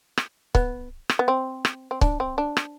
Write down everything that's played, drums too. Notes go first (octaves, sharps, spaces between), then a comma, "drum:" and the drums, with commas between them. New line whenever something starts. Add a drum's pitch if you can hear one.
drum: rim click
B3, drum: kick C#1
drum: rim click
B3
C4
drum: rim click
C4
D4, drum: kick C#1
C4
D4
drum: rim click